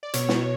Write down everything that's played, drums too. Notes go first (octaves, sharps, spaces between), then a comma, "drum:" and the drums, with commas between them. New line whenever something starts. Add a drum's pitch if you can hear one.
D5
B2 C#5, drum: hi-hat
drum: snare